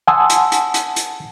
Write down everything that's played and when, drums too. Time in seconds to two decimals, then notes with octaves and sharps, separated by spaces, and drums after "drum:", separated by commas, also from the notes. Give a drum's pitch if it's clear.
0.07 F#5 G#5 A5 C6 D#6 E6
0.30 drum: hi-hat
0.52 drum: hi-hat
0.74 drum: hi-hat
0.96 drum: hi-hat